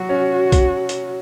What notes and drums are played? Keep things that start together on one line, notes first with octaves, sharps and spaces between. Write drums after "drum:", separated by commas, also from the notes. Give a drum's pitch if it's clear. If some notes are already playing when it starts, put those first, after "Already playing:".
Already playing: F#3 F#4
C#4
drum: kick, hi-hat
drum: hi-hat